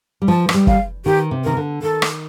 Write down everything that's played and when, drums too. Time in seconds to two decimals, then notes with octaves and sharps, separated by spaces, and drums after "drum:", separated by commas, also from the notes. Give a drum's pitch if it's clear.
0.22 G3
0.28 F3 A5
0.49 F3, drum: rim click
0.54 G3
0.67 F5, drum: kick
1.05 D#3 G4
1.31 C3
1.44 D#3 A#4
1.57 D3
1.82 D#3 A4
2.02 drum: rim click